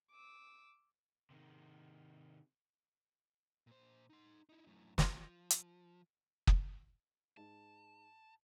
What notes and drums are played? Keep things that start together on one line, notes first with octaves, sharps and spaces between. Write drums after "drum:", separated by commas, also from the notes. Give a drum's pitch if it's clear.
D6 E6
C3 D#3
A#2 C5
D#4 C6
D#4 E4
F#2 A2
F3, drum: snare
drum: hi-hat
drum: kick
G#2 A5